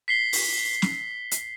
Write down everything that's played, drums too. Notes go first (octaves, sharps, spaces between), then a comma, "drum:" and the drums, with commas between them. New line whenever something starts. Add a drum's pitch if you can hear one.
B6 C7 G7
drum: open hi-hat
drum: snare
drum: hi-hat